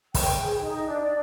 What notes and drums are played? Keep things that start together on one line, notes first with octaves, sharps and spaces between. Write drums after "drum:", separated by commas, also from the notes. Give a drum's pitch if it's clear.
G5, drum: kick, open hi-hat
G#4
D#4
D4
D5